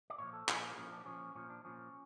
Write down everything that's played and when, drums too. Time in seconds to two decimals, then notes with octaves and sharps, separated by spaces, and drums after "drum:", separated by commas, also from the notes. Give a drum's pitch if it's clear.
0.10 D5
0.18 A#2 F3 C#5
0.33 A4
0.48 A#2 F3 F4, drum: clap
0.70 A#3
0.77 A#2 F3 C#4
0.92 D4
1.06 A#2 F3 C#4
1.35 A#2 F3 C#4
1.50 D4
1.64 A#2 F3 C#4